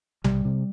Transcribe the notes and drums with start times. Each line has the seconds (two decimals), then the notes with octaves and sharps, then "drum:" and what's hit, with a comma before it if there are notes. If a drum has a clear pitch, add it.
0.24 C3 G3, drum: tom B1
0.45 C3